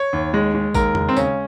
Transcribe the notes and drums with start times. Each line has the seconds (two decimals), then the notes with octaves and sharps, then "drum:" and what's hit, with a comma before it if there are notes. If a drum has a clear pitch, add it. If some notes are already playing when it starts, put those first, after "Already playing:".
Already playing: C#5
0.13 D#2
0.34 G#3
0.55 G#3
0.75 D#2 A#4, drum: kick A1, tambourine
0.95 G#3, drum: tom E2
1.09 C4
1.17 C#3 C#4, drum: tambourine